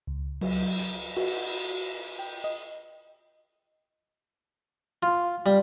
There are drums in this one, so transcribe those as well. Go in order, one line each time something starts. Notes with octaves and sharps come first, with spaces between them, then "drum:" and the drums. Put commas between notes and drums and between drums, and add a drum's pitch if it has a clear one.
C#2
F#3, drum: cymbal
drum: hi-hat
F#4, drum: cymbal
G5
D#5
F4
G3